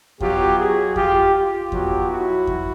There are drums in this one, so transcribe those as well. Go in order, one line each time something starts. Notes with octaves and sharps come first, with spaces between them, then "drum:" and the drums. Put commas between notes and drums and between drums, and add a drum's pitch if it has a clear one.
B2 F#3 F4 G4, drum: kick E2
F#4 G#4
F4 G4, drum: kick E2
F4 G4
B2 F#3, drum: kick E2
E4 F#4
drum: kick E2